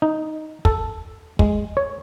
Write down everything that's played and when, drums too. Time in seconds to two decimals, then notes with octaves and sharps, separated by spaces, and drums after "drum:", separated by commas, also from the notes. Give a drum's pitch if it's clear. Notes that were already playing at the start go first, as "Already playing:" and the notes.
0.02 D#4
0.65 A4, drum: kick
1.39 G#3, drum: kick
1.77 C#5